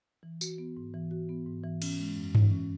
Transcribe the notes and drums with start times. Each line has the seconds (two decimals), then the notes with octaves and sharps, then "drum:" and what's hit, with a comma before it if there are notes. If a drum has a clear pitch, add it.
0.23 E3
0.41 F#4, drum: tambourine
0.58 B3
0.77 G#2
0.94 E3
1.11 F#4
1.29 B3
1.46 G#2
1.64 E3
1.82 C#4, drum: cymbal
1.99 G#3
2.16 F#2
2.35 E3, drum: tom G2
2.51 C#4